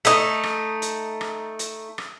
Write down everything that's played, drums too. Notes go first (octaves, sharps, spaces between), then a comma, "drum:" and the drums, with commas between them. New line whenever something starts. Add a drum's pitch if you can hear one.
A3 D#4, drum: hi-hat
drum: rim click
drum: hi-hat
drum: rim click
drum: hi-hat
drum: rim click